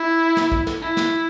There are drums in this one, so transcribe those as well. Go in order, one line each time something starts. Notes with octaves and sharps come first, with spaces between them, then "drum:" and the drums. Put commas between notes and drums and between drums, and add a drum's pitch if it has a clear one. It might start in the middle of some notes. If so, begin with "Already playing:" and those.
Already playing: E4
drum: snare
drum: kick A1
drum: snare
E4
drum: snare